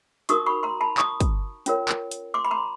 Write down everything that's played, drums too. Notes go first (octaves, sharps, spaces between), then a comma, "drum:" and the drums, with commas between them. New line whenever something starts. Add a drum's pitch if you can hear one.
D#4 F#4 A#4 C#6 D#6, drum: hi-hat
B5 C#6
A#5 C6
A5 B5
C#6 D#6, drum: clap
drum: kick, hi-hat
C#4 F4 A#4 C#5, drum: hi-hat
drum: clap
drum: hi-hat
C6 D6
B5
A#5 C6